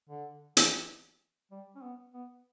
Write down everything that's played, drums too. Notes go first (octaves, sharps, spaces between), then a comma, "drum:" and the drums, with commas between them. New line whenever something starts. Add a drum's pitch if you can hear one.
D3
E3, drum: hi-hat
G3
C#4
B3
B3